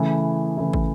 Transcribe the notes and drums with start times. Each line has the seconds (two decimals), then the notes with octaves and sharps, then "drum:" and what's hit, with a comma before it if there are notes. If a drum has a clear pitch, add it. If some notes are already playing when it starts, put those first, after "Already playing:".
Already playing: C#3 E3 A3 E4
0.57 C#3 E3 A3 E4
0.73 drum: kick